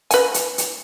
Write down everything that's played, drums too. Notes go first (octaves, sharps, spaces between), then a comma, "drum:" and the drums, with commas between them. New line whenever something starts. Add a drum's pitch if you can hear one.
B4 G#5, drum: hi-hat
drum: hi-hat
drum: hi-hat